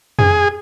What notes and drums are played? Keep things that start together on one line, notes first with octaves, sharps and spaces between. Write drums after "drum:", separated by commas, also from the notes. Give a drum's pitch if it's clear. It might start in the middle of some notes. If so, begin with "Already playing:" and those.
G#4, drum: tom F2